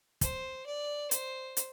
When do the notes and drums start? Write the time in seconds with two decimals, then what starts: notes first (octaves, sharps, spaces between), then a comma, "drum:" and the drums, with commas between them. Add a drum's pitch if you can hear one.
0.21 C5, drum: kick, hi-hat
0.66 D5
1.11 C5, drum: hi-hat
1.57 drum: hi-hat